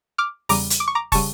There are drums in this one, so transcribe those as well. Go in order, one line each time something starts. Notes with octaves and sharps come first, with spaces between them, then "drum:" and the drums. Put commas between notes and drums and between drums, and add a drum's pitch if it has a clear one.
D6 F6
E2 C#3 G3 A#5 D6, drum: open hi-hat
drum: hi-hat
D6
C#6
A#5 D6
C#3 G3 A5 C#6, drum: kick, open hi-hat